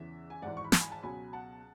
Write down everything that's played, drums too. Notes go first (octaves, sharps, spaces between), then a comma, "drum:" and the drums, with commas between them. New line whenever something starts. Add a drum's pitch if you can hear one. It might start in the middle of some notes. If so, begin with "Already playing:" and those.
Already playing: E2 C#3 E3 E5
G#5
G#1 G#2 E3 D5 F#5
C#6
B5
A5, drum: snare
G#5 B5
A5
C#2 B2 F#3 G#5 B5
F#5 A5